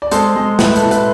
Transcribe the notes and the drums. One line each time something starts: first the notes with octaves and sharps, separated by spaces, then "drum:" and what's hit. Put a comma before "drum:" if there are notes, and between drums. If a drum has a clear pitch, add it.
D5
G#3 A4 C5, drum: hi-hat
G#3
A2 B4, drum: snare
A4, drum: hi-hat
A2
B4, drum: hi-hat